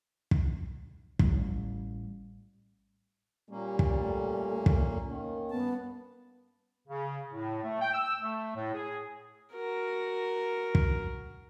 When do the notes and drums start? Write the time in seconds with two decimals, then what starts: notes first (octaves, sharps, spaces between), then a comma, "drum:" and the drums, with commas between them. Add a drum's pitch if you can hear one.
0.31 drum: kick
1.19 A1 G3, drum: kick
3.50 A#2 G3 A#3 C#4 G4
3.79 drum: kick
3.99 A3
4.66 drum: kick
5.08 D#3 A#3 C#4
5.51 G2 B3 A5
6.88 C#3
7.31 A2
7.63 A3
7.80 G5
7.93 E6
8.21 A3
8.55 A2
8.73 G#4
9.53 F#4 A#4
10.75 drum: kick